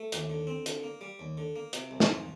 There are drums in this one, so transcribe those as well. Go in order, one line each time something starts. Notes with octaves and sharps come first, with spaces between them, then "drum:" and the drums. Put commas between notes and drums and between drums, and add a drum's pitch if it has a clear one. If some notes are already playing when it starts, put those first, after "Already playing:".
Already playing: A3
D#2, drum: hi-hat
D3
C4
D3, drum: hi-hat
A#3
G3
D#2
D3
A#3
C3, drum: hi-hat
C2
drum: snare
F3